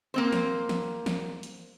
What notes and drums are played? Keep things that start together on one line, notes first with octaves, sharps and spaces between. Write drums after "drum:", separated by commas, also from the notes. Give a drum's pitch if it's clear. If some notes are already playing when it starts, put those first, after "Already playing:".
A#3 C4 C5
drum: snare
drum: snare
drum: snare
drum: hi-hat